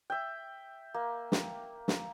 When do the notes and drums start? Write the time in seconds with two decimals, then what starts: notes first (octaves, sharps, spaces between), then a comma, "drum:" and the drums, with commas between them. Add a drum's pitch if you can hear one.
0.10 E5 G5
0.94 A#3
1.32 drum: snare
1.88 drum: snare